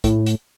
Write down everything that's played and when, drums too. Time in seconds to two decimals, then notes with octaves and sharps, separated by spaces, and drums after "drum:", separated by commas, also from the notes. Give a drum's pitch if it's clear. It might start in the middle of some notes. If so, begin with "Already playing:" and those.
0.04 A2, drum: kick, hi-hat
0.26 drum: hi-hat